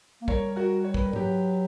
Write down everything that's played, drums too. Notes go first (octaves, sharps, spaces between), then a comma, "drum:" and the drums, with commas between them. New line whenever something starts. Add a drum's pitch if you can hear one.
A#3
G3 A#4 C#5, drum: kick
F#4 A#4
C#5
B4, drum: kick
A#4
F#3 G4 B4, drum: tom G#2